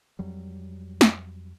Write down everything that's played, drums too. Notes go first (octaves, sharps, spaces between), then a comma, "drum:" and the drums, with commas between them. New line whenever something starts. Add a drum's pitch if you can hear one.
F2 F#3 G3
drum: snare